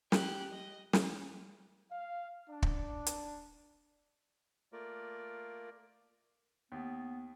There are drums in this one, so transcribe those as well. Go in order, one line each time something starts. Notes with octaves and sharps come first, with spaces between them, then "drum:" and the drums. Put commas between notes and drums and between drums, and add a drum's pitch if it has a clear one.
G4 F#6, drum: snare
D#5
drum: snare
F5
D4
drum: kick
drum: hi-hat
A3 A#3 F4 A#4 D5
D#2 B3